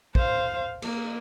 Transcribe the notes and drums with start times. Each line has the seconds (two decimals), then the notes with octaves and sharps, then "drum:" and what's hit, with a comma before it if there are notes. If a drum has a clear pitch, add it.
0.15 C5 F5, drum: kick
0.82 A#3, drum: cymbal